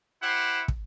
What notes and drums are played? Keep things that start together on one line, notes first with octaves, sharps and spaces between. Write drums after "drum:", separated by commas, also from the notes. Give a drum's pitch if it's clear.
E4 G4 C5 F#5
drum: kick